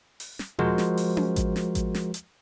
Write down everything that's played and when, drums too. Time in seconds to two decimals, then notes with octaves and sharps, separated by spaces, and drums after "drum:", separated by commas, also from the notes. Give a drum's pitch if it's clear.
0.20 drum: open hi-hat
0.39 drum: snare
0.59 F3 G#3 F#4 A#4 C5, drum: tom A#2
0.78 drum: snare
0.97 drum: open hi-hat
1.17 drum: tom C#4
1.36 drum: kick A1, hi-hat
1.56 drum: snare
1.75 drum: kick A1, hi-hat
1.94 drum: snare
2.14 drum: hi-hat